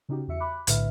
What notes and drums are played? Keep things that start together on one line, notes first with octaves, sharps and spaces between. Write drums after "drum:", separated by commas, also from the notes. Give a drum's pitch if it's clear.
C#3 C#4 D#4 F#4 G4
E2 F#4 E5 C#7
B5 D6 F#6
B1 A2 D3 B4 E5 F6, drum: hi-hat